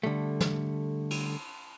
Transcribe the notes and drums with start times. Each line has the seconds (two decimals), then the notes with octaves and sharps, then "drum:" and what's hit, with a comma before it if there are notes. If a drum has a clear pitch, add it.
0.03 D3 G3 A3
0.41 drum: snare
1.11 drum: cymbal